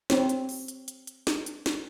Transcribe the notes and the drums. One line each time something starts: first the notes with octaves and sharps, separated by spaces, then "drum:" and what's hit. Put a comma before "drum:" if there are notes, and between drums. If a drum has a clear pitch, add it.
C4 C#5, drum: snare
drum: hi-hat
drum: open hi-hat
drum: hi-hat
drum: hi-hat
drum: hi-hat
drum: snare
drum: hi-hat
drum: snare